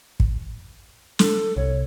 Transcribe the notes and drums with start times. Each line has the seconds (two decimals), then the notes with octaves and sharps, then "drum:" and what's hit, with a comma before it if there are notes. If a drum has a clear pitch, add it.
0.20 drum: kick
1.19 A4, drum: snare
1.57 C2 C#5